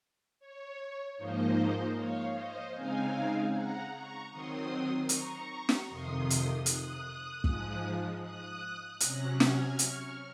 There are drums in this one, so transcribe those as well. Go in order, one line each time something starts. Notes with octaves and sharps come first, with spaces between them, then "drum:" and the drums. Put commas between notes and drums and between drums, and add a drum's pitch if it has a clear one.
C#5
G#2 F3 A#3 D#4 C5 D#5
C#5 F5
C5 D#5
C#3 G#3 C4 D#4 F5 G#5
F#5 A#5
A#5 C#6
D#3 F#3 C4 C6 D#6
A#5 C#6, drum: hi-hat
drum: snare
F2 C3 D#3 C6 D#6
drum: hi-hat
D#6 F#6, drum: hi-hat
G#2 F3 G#3, drum: kick
D#6 F#6
C3 F#3 C#4 F#6 A#6, drum: hi-hat
F6 G#6, drum: snare
C#6 F6, drum: hi-hat